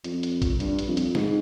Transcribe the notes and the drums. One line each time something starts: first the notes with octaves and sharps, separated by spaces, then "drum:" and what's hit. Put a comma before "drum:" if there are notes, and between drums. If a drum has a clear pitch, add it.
F2, drum: hi-hat
drum: hi-hat
drum: kick A1, hi-hat
G2, drum: hi-hat
drum: hi-hat
F2
drum: hi-hat
G#2, drum: snare